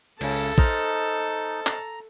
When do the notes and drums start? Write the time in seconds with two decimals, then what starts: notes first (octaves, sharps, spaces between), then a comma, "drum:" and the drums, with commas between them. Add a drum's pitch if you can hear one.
0.21 C#2 C#3 C#4 A4 A5, drum: cymbal
0.58 D#4 C5 D#5 F6, drum: kick
1.67 A#5, drum: clap